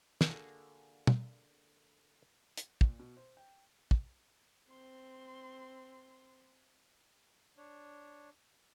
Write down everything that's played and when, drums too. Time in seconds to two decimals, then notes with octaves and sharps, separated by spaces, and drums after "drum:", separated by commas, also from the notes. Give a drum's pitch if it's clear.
0.21 D3 A#3 F#4 G#4 A4 A5, drum: snare
1.07 drum: tom
2.57 drum: hi-hat
2.81 A#2, drum: kick
2.99 B2
3.17 C5
3.37 G5
3.91 drum: kick
4.70 C4 C6
7.57 D4 C#5